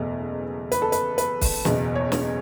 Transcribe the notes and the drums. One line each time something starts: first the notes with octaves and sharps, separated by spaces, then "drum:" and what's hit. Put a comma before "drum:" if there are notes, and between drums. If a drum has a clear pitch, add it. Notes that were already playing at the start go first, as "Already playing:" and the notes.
Already playing: F#1 E2 B2 A3
B4, drum: hi-hat
A4
B4, drum: hi-hat
B4, drum: hi-hat
drum: kick, open hi-hat
F#1 E2 B2, drum: snare
C#5
drum: snare